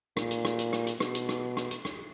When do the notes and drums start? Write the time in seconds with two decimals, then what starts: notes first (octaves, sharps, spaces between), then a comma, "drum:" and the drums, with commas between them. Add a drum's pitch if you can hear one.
0.17 A#2, drum: rim click
0.31 drum: hi-hat
0.45 drum: rim click
0.59 drum: hi-hat
0.73 drum: rim click
0.87 drum: hi-hat
1.00 B2, drum: rim click
1.15 drum: hi-hat
1.29 drum: rim click
1.57 drum: rim click
1.71 drum: hi-hat
1.85 drum: rim click